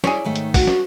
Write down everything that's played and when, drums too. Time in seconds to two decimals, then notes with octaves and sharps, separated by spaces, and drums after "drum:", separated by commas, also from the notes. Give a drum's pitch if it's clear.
0.04 E4 G#4 C#5 D5, drum: snare
0.25 G#2 D#3 A3
0.36 drum: hi-hat
0.54 F#4 F#5, drum: kick, open hi-hat
0.67 drum: snare